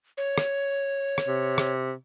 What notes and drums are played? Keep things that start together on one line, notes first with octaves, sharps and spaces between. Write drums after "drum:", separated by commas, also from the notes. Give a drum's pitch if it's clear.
C#5
drum: rim click
drum: rim click
C3
drum: rim click